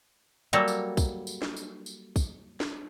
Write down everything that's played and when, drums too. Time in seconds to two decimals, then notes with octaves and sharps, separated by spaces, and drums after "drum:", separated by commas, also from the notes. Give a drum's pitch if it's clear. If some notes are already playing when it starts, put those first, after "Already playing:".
0.53 F#3 G3 A#3 A4 A#5
0.68 drum: tambourine
0.97 drum: kick, tambourine
1.27 drum: tambourine
1.42 drum: snare
1.57 drum: tambourine
1.86 drum: tambourine
2.16 drum: kick, tambourine
2.60 drum: snare